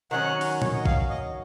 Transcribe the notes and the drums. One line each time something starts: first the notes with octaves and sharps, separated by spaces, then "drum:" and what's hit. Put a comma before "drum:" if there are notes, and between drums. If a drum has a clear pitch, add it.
D#3 F#3 C#4 F#5
drum: open hi-hat
C#5, drum: tom A#2
D#5
F5, drum: kick
D#5